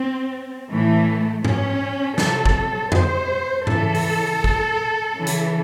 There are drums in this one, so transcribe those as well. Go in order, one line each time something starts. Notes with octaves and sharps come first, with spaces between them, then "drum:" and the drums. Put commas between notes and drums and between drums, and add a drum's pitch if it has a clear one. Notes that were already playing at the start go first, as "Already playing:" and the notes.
Already playing: C4
A2 E3 A3
C#4, drum: tom G#2
C3 F#3 A4, drum: snare
drum: kick
C5, drum: tom F2
C#3 E3 A4, drum: tom G#2
drum: open hi-hat
drum: kick
C#3 E3
drum: hi-hat